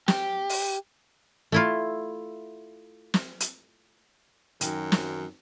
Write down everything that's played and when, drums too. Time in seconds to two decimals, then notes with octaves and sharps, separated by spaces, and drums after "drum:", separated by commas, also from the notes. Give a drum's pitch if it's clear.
0.08 G4, drum: snare
0.49 drum: open hi-hat
1.52 A3 E4 F4
3.14 drum: snare
3.40 drum: hi-hat
4.61 F#2 D#3 F#3, drum: hi-hat
4.92 drum: snare